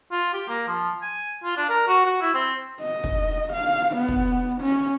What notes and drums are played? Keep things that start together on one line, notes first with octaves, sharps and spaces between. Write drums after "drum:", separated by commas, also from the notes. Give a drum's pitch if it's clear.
F4
G4
A#3
F3
G#5
F4
D4
A#4
F#4
F#4
E4
C4
D#5
drum: kick
F5
B3
drum: kick
C#4